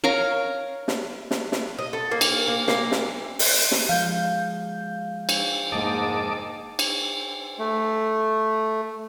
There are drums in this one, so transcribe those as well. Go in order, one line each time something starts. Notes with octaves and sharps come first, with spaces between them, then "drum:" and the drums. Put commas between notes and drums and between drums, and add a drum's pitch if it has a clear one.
A#4 C#5 F5 A#5
drum: snare
drum: snare
drum: snare
D#5
A4
A#3
drum: cymbal
A#3
A#3, drum: snare
drum: snare
drum: open hi-hat
drum: snare
F3 G#3 F5 G6
drum: cymbal
F1 G#2 G#3 A#3 D#5 A5 D6
drum: cymbal
A3